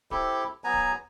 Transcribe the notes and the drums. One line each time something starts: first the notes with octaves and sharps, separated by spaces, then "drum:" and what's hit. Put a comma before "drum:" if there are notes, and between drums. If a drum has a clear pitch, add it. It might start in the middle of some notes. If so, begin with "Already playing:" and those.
C4 E4 G4 A4, drum: kick D1
F#3 B3 G#5 A#5
drum: kick D1